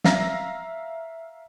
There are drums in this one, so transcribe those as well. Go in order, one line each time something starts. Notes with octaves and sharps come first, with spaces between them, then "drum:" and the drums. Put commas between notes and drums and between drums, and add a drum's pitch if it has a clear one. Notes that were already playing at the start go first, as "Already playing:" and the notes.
E5 F5 A#5 A#6, drum: snare